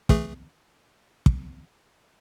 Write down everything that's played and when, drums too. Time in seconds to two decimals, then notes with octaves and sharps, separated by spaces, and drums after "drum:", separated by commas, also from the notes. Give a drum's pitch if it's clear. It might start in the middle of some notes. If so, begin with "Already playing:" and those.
0.09 E3 A3 G#4, drum: kick
1.26 drum: kick